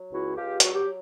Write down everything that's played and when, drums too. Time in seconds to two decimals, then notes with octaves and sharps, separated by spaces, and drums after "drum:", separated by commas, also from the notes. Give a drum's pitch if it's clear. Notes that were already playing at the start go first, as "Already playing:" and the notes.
Already playing: F#3
0.10 C#2 E4 F#4
0.35 C#2 F4 G4
0.60 F#3 F#4, drum: hi-hat
0.73 G4
0.85 F#3